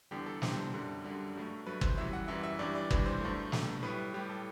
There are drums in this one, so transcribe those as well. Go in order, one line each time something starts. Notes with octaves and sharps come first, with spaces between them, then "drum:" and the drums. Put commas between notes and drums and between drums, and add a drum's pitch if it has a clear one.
E2 D3 G3 G4
A4
E2 D3 G3 C5, drum: snare
F#2 D3 G3
F#2 D3 G3
G2 F#3 A3
G2 F#3 A3 B4
C5, drum: kick
F#2 E3 G3 E5
F#5
F#2 E3 G3 E5
E5
G2 E3 G3 D5
D5
G2 E3 G3, drum: kick
C5
G2 F#3 A3
G2 F#3 A3, drum: snare
A2 G3 B4
A2 G3 G4
A4